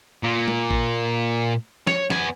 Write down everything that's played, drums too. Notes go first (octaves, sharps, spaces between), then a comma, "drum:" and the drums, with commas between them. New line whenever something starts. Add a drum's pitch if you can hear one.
A#2
drum: tom
drum: kick A1
C#5, drum: snare
B3 G#5, drum: snare